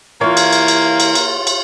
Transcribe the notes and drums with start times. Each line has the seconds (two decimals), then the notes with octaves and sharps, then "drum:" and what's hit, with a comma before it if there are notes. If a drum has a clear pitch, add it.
0.21 E3 A#3 F4 C#5
0.37 drum: cymbal
0.53 drum: cymbal
0.68 drum: cymbal
1.00 drum: cymbal
1.15 drum: cymbal
1.47 drum: cymbal